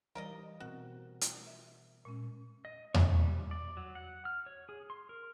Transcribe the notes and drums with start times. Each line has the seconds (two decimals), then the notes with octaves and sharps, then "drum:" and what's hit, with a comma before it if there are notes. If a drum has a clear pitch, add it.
0.15 E3 G3 A#4 D5 D#5 F5
0.60 B2 C4 F#4 A#4
1.21 drum: hi-hat
1.47 E5
2.05 A#2 G#3 C#4
2.65 D#5
2.94 C#6, drum: tom E2
3.16 G3
3.51 D5
3.77 F#3
3.95 F#5
4.25 F6
4.46 C#5
4.69 G#4
4.90 C6
5.09 A#4